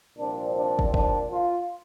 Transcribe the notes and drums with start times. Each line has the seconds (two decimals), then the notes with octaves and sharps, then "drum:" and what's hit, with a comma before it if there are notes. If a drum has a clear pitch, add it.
0.17 C2 A#2 F3 C4 D4
0.56 D4
0.79 drum: kick
0.94 D4, drum: kick
1.31 F4